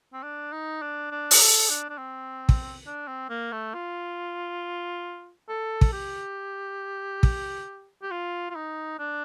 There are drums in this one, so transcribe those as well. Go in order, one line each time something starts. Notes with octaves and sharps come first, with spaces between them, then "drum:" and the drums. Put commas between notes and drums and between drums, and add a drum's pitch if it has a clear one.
C4
D4
D#4
D4
D4
drum: open hi-hat
A4
D4
D4
C4
drum: kick
D4
C4
A#3
A3
F4
A4
drum: kick
G4
drum: kick
G4
F4
F4
D#4
D4